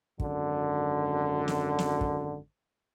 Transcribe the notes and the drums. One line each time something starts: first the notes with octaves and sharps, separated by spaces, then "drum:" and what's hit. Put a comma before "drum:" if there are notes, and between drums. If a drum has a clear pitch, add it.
G#1 F#2 D3, drum: kick
drum: snare
drum: snare
drum: kick